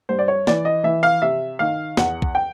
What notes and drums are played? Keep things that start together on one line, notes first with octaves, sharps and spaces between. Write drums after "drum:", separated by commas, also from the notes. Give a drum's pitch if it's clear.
G2 C5
D5
C#5
E3 D5, drum: snare
D#5
E3 E5
F5
C3 E5
D#3 F5
E2 F#5, drum: snare
drum: kick
G5